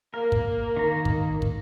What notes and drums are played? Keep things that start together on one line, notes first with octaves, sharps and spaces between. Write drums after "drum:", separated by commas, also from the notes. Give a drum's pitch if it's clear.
A#3 A#4
drum: kick
D#3 A#5
drum: kick
drum: kick